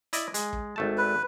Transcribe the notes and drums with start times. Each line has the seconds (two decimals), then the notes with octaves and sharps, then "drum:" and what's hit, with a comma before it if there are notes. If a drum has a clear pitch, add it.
0.13 E4 D5 D#5, drum: hi-hat
0.34 G#3, drum: hi-hat
0.53 drum: kick
0.76 G#1 A3 A5
0.98 B4